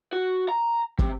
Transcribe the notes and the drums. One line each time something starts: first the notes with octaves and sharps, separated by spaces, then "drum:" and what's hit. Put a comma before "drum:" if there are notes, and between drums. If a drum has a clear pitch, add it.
F#4
A#5
C3, drum: kick